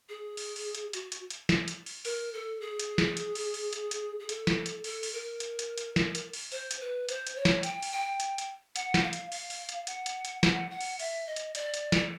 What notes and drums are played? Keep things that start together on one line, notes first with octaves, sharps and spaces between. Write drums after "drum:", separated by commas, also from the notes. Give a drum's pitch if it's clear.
G#4
drum: open hi-hat
drum: open hi-hat
drum: hi-hat
F#4, drum: hi-hat
drum: hi-hat
drum: hi-hat
drum: snare
drum: hi-hat
drum: open hi-hat
A#4, drum: open hi-hat
A4
G#4
drum: hi-hat
drum: snare
drum: hi-hat
drum: open hi-hat
drum: open hi-hat
drum: hi-hat
drum: hi-hat
G#4
A4, drum: hi-hat
drum: snare
drum: hi-hat
A4, drum: open hi-hat
drum: open hi-hat
A#4
drum: hi-hat
drum: hi-hat
drum: hi-hat
drum: snare
drum: hi-hat
drum: open hi-hat
C5, drum: open hi-hat
drum: hi-hat
B4
C5, drum: hi-hat
drum: hi-hat
C#5
drum: snare
G5, drum: hi-hat
drum: open hi-hat
G5
drum: hi-hat
drum: hi-hat
F#5, drum: hi-hat
drum: snare
F5
drum: hi-hat
F5, drum: open hi-hat
drum: open hi-hat
drum: hi-hat
F#5, drum: hi-hat
drum: hi-hat
drum: hi-hat
F#5, drum: snare
F#5
drum: open hi-hat
E5, drum: open hi-hat
D#5
drum: hi-hat
D5, drum: hi-hat
drum: hi-hat
drum: snare